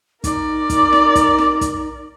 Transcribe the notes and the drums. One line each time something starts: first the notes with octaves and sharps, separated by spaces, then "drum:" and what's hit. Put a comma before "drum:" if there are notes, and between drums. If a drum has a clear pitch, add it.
D#4 A#4 D5, drum: kick, hi-hat
drum: kick, hi-hat
drum: snare
drum: kick, hi-hat
drum: snare
drum: kick, hi-hat